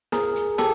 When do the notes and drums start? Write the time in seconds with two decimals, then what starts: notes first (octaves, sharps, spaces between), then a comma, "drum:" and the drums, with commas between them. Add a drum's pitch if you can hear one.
0.12 G#4 A#4, drum: snare
0.36 drum: hi-hat
0.58 G4 A4, drum: snare